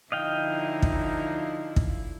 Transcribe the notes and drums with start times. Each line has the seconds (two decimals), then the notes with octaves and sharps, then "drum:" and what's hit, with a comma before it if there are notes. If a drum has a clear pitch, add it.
0.12 D3 F3 D#4 E4 D#5 F5 G5
0.82 drum: kick
1.76 drum: kick